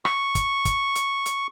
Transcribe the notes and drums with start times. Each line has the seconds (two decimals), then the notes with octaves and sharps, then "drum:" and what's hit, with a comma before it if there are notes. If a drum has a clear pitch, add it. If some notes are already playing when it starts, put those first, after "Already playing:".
0.05 C#6, drum: rim click
0.35 drum: kick, hi-hat
0.65 drum: kick, hi-hat
0.96 drum: hi-hat
1.26 drum: hi-hat